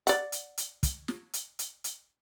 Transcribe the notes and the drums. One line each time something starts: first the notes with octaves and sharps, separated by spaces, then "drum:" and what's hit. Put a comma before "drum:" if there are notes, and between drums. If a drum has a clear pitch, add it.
D5 F#5, drum: hi-hat
drum: hi-hat
drum: hi-hat
drum: kick, hi-hat
drum: snare
drum: hi-hat
drum: hi-hat
drum: hi-hat